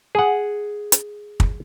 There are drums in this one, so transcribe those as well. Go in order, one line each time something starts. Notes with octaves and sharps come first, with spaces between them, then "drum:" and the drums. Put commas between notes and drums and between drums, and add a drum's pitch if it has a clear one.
G#4 F#5
drum: hi-hat
drum: kick